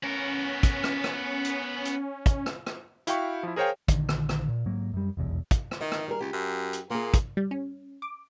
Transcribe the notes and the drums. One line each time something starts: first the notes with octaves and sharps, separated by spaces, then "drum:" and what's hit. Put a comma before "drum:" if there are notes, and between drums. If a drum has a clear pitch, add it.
B3 C#4 A#4
drum: kick, hi-hat
drum: rim click
drum: rim click
drum: hi-hat
drum: hi-hat
drum: kick, hi-hat
drum: rim click
drum: rim click
E4 F#4 F5 G5 B5 C#6, drum: hi-hat
F3 E4
G#4 A#4 C5 C#5 F5 G5
A#1 D3 D#3, drum: kick, hi-hat
drum: rim click
drum: rim click
A#2
G#2 F#3 A#3
F#2 G3
F1 B1 E2
drum: kick, hi-hat
drum: rim click
D#3 D#5
drum: rim click
G3 G#4 A#4
C#2 G4
F#2
drum: hi-hat
A#2 A#3 G#4
drum: kick, hi-hat
G3
C#4
D6